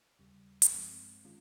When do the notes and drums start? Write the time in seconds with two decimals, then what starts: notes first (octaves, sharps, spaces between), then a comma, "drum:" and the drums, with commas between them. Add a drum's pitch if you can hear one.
0.19 D#2 C#3 G3
0.62 drum: hi-hat
0.71 G2 F3 G#3 C4
1.25 D#3 G#3 C#4 F4